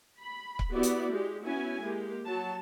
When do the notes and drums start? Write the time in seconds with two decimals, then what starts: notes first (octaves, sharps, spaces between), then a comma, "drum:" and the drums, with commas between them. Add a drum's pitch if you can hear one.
0.20 B5
0.59 drum: kick C#1
0.71 B3 E4 F#4 G4 D5
0.83 drum: hi-hat
1.10 G#3 G4
1.44 B3 C#4 E4 F#4 G#5
1.81 G#3 A#3 G4
2.24 F#3 F#4 A5